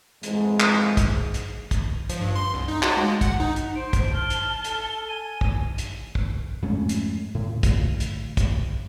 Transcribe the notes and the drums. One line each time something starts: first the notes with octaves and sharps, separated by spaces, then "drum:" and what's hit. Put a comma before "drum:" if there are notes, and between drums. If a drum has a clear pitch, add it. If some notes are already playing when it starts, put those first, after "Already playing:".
F2 G#2 E3 G#3, drum: hi-hat
drum: clap
drum: kick, hi-hat
drum: hi-hat
drum: kick, hi-hat
F3, drum: hi-hat
G2
C6
C2
D#4
F#4, drum: clap
G#3
F#5, drum: kick, hi-hat
D#4
drum: hi-hat
C5 D7
drum: kick, hi-hat
A5 F6 G7
drum: hi-hat
A4, drum: hi-hat
G#5 D#7
drum: kick
drum: hi-hat
drum: kick
F2 G#2 A3 C#4
drum: hi-hat
A2 D3
drum: kick, hi-hat
drum: hi-hat
drum: kick, hi-hat